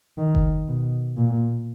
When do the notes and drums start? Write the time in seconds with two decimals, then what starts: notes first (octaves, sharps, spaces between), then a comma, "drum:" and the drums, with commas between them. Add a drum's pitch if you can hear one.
0.18 D#3
0.35 drum: kick F#1
0.68 B2
1.17 A#2